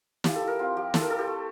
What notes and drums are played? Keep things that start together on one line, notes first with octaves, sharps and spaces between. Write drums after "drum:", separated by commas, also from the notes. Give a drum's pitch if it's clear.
F3 G4, drum: snare
A4
E4
A#4
C4 F4
F3 G4
F3 A4, drum: snare
A#4
E4 A4
G4
A3